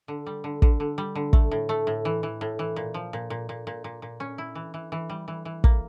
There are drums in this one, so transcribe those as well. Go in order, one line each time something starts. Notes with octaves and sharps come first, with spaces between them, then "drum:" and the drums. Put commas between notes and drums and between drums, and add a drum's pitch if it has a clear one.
D3
G3
D3
D3, drum: kick
D3
G3
D3
A3, drum: kick
A2
A3
A2
E3
E3
A2
E3
A#2
F3
A#2
A#2
A#2
A#2
A#2
A#2
C#4
E4
E3
E3
E3
G3
E3
E3
A#3, drum: kick